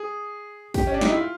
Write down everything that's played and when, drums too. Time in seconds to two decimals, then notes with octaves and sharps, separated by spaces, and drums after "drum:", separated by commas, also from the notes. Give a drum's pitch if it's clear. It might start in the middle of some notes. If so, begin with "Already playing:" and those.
Already playing: G#4
0.74 G4, drum: kick, open hi-hat
0.87 C#4
0.94 D4
1.01 D#4, drum: snare
1.09 E4
1.16 F4